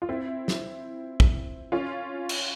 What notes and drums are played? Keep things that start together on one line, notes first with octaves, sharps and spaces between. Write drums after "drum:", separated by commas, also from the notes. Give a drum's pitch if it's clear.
F4
C4 E4
drum: snare
drum: kick
C#4 F4
drum: cymbal